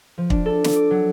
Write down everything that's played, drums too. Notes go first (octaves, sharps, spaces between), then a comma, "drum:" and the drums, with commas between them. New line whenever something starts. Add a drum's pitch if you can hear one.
F3
D4, drum: kick
A4
drum: snare
D6
F#3